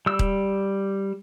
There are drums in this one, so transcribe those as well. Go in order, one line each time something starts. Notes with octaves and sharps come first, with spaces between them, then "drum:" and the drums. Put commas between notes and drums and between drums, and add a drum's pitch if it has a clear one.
G3 E6
drum: kick D#1